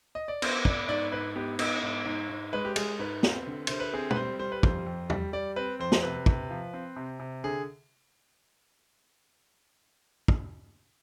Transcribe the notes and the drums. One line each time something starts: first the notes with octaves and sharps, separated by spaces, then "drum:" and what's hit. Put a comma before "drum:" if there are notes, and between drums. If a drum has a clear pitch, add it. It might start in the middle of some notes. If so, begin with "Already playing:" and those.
D#5
D5
B3 C5, drum: cymbal
B3 D5, drum: kick
G#2 D5
G#2 B4
B3 G4
B3 D#4, drum: cymbal
G#2
G#2
G#2
G#3 B4
G4
G#3 G#4, drum: cymbal
G#2 B4
C4, drum: snare
D3
D3 C5, drum: cymbal
B4
C4 G#4
B4, drum: tom
G3 C5
G3 C5
B4
F2 C5, drum: kick
F2
G3, drum: tom E2
G3 D5
C4 B4
F2 C5
drum: snare
C3 B4
C3, drum: kick
F3
C4
C3
C3
D3 G#4
drum: kick